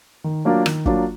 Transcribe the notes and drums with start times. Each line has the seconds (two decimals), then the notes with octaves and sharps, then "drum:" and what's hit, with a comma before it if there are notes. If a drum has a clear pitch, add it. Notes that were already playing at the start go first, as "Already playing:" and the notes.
0.24 D#3
0.45 F#3 A#3 D4 F4
0.66 D#3, drum: rim click
0.86 F#3 A#3 D4 F4, drum: kick